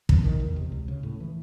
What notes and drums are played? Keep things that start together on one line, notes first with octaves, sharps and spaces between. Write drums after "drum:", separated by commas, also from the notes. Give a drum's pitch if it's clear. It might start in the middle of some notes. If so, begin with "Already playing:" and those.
G2, drum: kick
D#3
E2
C3
C#2
C#3
A2
E3